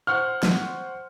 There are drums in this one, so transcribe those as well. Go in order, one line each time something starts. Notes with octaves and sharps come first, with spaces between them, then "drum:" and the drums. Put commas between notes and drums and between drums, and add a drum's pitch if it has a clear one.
C5 F#5 C#6 F6
drum: snare